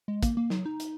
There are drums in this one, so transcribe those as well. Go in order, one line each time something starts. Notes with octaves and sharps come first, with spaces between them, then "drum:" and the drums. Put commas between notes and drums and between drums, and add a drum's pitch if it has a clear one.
G#3
A#3, drum: kick, hi-hat
A#3
F#3, drum: snare
D#4
drum: hi-hat